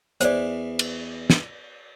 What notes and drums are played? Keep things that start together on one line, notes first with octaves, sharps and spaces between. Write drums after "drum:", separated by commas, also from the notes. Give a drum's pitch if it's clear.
E2 E3 C5 D5 D6, drum: hi-hat
drum: cymbal
drum: snare